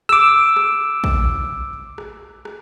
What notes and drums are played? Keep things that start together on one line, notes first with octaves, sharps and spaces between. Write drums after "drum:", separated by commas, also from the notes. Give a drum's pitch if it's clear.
D6 E6, drum: rim click
drum: rim click
drum: kick
drum: rim click
drum: rim click